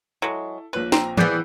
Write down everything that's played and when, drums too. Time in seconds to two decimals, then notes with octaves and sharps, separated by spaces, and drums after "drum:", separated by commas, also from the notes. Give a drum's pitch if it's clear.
0.22 F#3 G#3 E4 A4
0.73 A#1 A#2 B4 C#5
0.92 C4 A#5, drum: snare
1.17 E3 B3 G#4 D5 G6, drum: tom E3